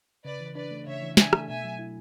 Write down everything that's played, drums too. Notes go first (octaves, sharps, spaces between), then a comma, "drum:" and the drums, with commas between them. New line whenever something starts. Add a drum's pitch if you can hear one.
C#3 B4 D5
E3
D4 B4 D5
A3
C#3 C#5 E5
E3
D4 E5 G#5, drum: snare
A3, drum: rim click
B2 E5 G#5
F#3
E4